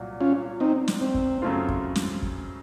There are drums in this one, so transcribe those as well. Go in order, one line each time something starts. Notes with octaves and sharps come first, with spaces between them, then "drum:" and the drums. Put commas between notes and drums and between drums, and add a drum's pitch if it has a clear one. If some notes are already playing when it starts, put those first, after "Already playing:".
Already playing: C2 A#2 F#3
C#4 F4
C4 D#4
drum: snare
C4
drum: kick
F#2 C#3 A3 C4 F4
drum: kick
drum: snare
drum: kick